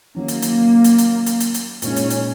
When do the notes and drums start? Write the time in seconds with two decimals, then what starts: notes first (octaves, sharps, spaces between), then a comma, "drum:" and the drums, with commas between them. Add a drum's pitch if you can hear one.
0.15 D#3 F#3 A#3 C#4
0.28 drum: hi-hat
0.42 drum: hi-hat
0.84 drum: hi-hat
0.98 drum: hi-hat
1.26 drum: hi-hat
1.40 drum: hi-hat
1.54 drum: hi-hat
1.82 A#2 G#3 C#4 D#4, drum: hi-hat
1.96 drum: hi-hat
2.10 drum: hi-hat